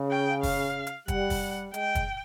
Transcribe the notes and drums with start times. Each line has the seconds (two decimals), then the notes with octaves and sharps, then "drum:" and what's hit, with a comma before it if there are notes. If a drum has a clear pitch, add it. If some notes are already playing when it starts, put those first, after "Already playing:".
Already playing: C#3
0.11 G5
0.43 F5, drum: kick, open hi-hat
0.87 drum: hi-hat
1.08 G3 F#5, drum: kick, hi-hat
1.30 drum: kick, open hi-hat
1.74 G#3 G5, drum: hi-hat
1.95 drum: kick, hi-hat